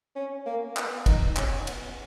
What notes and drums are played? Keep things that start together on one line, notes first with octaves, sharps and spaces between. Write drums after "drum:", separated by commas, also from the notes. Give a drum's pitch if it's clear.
C#4
A#3
B3, drum: clap
D#4, drum: kick, cymbal
C#4, drum: clap
B3, drum: cymbal